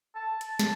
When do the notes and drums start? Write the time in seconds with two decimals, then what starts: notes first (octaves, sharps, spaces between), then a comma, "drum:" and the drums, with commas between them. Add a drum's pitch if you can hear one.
0.15 A5
0.41 A5, drum: hi-hat
0.59 drum: snare